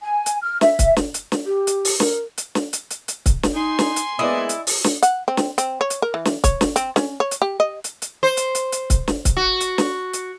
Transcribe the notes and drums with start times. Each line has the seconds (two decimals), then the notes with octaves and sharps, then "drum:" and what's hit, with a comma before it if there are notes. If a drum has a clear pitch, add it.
0.01 G#5
0.26 drum: hi-hat
0.41 F6
0.61 E5, drum: snare
0.79 drum: kick C#1, hi-hat
0.96 drum: snare
1.14 drum: hi-hat
1.32 drum: snare
1.46 G4
1.67 drum: hi-hat
1.85 drum: open hi-hat
2.00 A#4, drum: snare
2.38 drum: hi-hat
2.55 drum: snare
2.73 drum: hi-hat
2.90 drum: hi-hat
3.08 drum: hi-hat
3.26 drum: kick C#1, hi-hat
3.43 drum: snare
3.54 D#4 G#5 C6
3.79 drum: snare
3.96 drum: hi-hat
4.19 G#3 A#3 B3 E4 D5 D#5 D#6
4.49 drum: hi-hat
4.67 drum: open hi-hat
4.84 drum: snare
5.03 F#5, drum: hi-hat
5.28 C4
5.37 drum: snare
5.58 C4, drum: hi-hat
5.81 C#5
5.90 drum: hi-hat
6.02 A#4
6.14 E3
6.25 drum: snare
6.44 C#5, drum: kick C#1, hi-hat
6.61 drum: snare
6.76 C4, drum: hi-hat
6.96 C#4, drum: snare
7.20 C#5
7.31 drum: hi-hat
7.42 G4
7.60 D#5
7.84 drum: hi-hat
8.02 drum: hi-hat
8.23 C5
8.37 drum: hi-hat
8.55 drum: hi-hat
8.72 drum: hi-hat
8.90 drum: kick C#1, hi-hat
9.08 drum: snare
9.25 drum: kick C#1, hi-hat
9.37 F#4
9.60 drum: hi-hat
9.78 drum: snare
10.13 drum: hi-hat